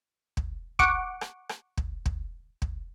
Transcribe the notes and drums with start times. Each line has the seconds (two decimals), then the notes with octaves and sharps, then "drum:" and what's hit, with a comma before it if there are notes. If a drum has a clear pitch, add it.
0.37 drum: kick
0.79 F#5 C#6 D6, drum: kick
1.21 drum: rim click
1.49 drum: rim click
1.77 drum: kick
2.06 drum: kick
2.62 drum: kick